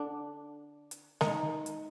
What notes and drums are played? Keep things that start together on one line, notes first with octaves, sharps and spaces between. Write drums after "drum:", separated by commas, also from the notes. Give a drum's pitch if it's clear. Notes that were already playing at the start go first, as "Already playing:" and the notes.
Already playing: D3 D4
drum: hi-hat
D#3 D#4, drum: snare G#3
drum: hi-hat